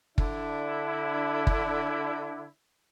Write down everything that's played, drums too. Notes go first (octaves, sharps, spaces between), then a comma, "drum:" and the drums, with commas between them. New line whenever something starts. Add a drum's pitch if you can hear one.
D3 D4 E4, drum: kick
drum: kick